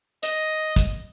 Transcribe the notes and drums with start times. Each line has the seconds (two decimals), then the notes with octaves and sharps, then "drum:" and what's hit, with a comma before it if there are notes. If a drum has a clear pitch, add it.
0.23 D#5, drum: hi-hat
0.76 drum: kick, hi-hat